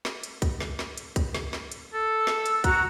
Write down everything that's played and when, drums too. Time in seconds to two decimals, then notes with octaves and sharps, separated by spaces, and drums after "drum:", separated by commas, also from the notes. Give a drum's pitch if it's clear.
0.05 drum: snare
0.23 drum: hi-hat
0.42 drum: kick, hi-hat
0.60 drum: snare
0.79 drum: snare
0.97 drum: hi-hat
1.16 drum: kick, hi-hat
1.35 drum: snare
1.53 drum: snare
1.72 drum: hi-hat
1.93 A4
2.16 E6
2.27 drum: snare
2.46 drum: hi-hat
2.64 F#4 F#5 A#5, drum: kick, hi-hat